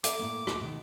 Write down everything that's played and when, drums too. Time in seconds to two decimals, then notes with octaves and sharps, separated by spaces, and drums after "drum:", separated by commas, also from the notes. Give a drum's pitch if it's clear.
0.04 A4 E5 A#5 D6, drum: hi-hat
0.19 A2 A#3
0.47 drum: rim click
0.61 B2 D#3